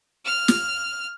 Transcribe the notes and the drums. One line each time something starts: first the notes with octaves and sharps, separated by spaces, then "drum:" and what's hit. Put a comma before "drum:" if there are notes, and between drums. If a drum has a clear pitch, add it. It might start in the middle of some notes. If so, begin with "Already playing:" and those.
F6
drum: snare